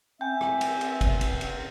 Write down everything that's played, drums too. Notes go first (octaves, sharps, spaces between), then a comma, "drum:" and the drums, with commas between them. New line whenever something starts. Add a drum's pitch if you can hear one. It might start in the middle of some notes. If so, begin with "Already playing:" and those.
C4 E5 G5 G#5 G6
drum: rim click
drum: cymbal
drum: cymbal
drum: kick, cymbal
drum: cymbal
drum: cymbal